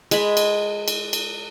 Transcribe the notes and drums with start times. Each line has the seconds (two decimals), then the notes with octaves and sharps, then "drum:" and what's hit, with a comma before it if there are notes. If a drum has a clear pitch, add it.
0.11 G#3 B5, drum: cymbal
0.37 drum: cymbal
0.88 drum: cymbal
1.13 drum: cymbal